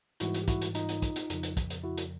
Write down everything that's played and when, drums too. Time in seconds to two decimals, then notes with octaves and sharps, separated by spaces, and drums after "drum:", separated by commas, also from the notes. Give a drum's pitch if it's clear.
0.20 G#2 E3 G3 E4 F#4, drum: hi-hat
0.34 drum: hi-hat
0.43 G4
0.48 E4 F#4, drum: kick, hi-hat
0.62 drum: hi-hat
0.75 D#4 F4, drum: hi-hat
0.89 drum: hi-hat
1.02 drum: kick, hi-hat
1.16 drum: hi-hat
1.30 F2 C#3 F3, drum: hi-hat
1.43 drum: hi-hat
1.57 drum: kick, hi-hat
1.70 drum: hi-hat
1.83 E4 F#4
1.98 drum: hi-hat